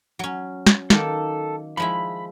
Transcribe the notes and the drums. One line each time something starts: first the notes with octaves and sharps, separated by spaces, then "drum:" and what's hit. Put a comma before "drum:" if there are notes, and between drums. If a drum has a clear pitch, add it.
F#3 C#4
drum: snare
D#3 A#3 A4, drum: snare
F3 G#3 E4 B5